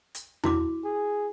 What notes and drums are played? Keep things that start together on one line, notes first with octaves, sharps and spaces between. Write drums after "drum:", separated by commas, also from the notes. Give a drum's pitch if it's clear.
drum: hi-hat
E4 F#4 D6, drum: tom E2
G#4